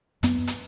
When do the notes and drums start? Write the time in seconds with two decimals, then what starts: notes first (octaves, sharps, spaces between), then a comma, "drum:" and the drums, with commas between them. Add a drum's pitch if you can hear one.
0.23 F#2 B3, drum: hi-hat
0.47 drum: hi-hat